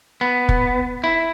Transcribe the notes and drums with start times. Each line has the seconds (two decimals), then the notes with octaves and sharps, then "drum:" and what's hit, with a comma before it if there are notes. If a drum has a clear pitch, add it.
0.21 B3
0.49 drum: kick
1.04 E4